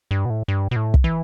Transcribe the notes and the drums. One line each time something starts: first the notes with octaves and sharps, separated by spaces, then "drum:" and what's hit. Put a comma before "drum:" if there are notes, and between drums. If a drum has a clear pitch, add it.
G2
B2
A2
G2
B2
A2
drum: kick
E3